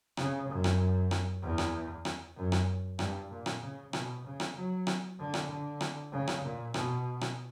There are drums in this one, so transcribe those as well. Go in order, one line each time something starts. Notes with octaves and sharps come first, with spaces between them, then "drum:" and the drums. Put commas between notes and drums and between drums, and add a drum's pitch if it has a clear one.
C#3, drum: rim click
F#2
drum: rim click
drum: rim click
E2
drum: rim click
drum: rim click
F#2
drum: rim click
G2, drum: rim click
A#2
drum: rim click
C#3
B2, drum: rim click
C#3
drum: rim click
F#3
drum: rim click
D3
drum: rim click
D3
drum: rim click
C#3
drum: rim click
A#2
B2, drum: rim click
drum: rim click